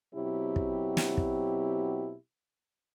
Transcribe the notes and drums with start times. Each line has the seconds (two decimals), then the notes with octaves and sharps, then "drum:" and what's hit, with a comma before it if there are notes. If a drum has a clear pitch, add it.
0.15 B2 F#3 C4 E4 G4
0.56 drum: kick
0.97 drum: snare
1.17 drum: kick